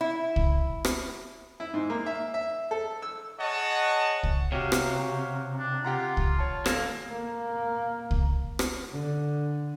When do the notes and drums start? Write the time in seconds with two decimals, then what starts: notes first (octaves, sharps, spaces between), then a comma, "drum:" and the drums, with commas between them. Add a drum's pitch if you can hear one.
0.01 E4
0.36 drum: kick C2
0.85 drum: rim click
1.60 E4
1.74 G#2
1.90 A#3
2.06 E5
2.34 E5
2.71 A4
3.02 E6
3.39 G#4 C#5 D#5 F#5 A5
4.23 drum: kick C2
4.52 C3 F#4 G4 C#5 F5
4.72 drum: rim click
5.59 D4
5.85 F4 G4 F#5 A#5
6.17 drum: kick C2
6.39 C#5 A5
6.66 G#1 A#3 A4 E7, drum: rim click
7.10 A#3
8.11 drum: kick C2
8.59 drum: rim click
8.93 D3